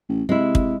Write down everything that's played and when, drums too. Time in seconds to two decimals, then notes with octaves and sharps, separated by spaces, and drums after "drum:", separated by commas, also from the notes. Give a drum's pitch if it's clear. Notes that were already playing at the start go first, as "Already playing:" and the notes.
0.09 A1
0.29 C3 G#3 E4
0.55 drum: kick